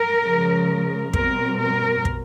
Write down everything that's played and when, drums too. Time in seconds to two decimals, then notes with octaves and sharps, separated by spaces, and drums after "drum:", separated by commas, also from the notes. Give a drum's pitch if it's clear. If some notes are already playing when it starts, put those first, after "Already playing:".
Already playing: A#4
0.22 C#3 F3 G#3
1.13 B2 G3 C4 A#4, drum: kick
1.60 A#4
2.05 drum: kick